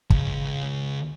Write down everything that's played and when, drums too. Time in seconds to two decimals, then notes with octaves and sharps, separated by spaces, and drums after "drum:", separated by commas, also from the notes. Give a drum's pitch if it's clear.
0.10 C#2, drum: kick